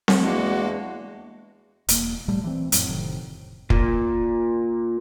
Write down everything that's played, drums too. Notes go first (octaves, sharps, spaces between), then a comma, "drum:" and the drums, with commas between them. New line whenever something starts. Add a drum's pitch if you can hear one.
drum: snare C4
E2 G#3 A#3 D4 F#4
E1 A#3, drum: hi-hat
A2 G3 A3
E3 C4
F2 A2 F#3, drum: hi-hat
F1 A2 C3 D#3
A#2, drum: kick